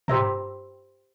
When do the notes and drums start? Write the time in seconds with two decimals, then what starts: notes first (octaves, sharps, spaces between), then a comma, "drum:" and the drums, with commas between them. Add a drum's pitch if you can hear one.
0.08 G4 C5 E5 A#5, drum: tom